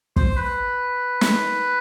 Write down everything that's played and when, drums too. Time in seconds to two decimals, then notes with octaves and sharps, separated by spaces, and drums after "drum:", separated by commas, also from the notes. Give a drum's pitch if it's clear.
0.16 C5, drum: kick
0.37 B4
1.21 drum: snare